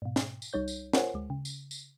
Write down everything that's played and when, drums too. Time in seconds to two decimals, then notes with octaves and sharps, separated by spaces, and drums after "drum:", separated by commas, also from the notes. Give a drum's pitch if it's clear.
0.02 G#2 B2
0.16 drum: snare
0.42 drum: tambourine
0.53 C2 G3 D#4 C#5 G6
0.68 drum: tambourine
0.93 F4 A#4 C5 C#5 F#5 G#5, drum: snare
1.14 D2 G#3
1.30 C#3
1.45 drum: tambourine
1.71 drum: tambourine